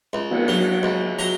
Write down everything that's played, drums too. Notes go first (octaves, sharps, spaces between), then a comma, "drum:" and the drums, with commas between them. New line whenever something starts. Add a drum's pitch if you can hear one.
C#2
drum: cymbal
F#3
C#2
F#3 A#5